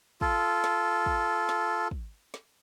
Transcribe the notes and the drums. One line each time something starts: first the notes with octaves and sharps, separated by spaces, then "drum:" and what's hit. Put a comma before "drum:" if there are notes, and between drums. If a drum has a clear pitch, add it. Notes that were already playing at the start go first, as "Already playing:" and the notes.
F4 A4, drum: kick
drum: snare
drum: kick
drum: snare
drum: kick
drum: snare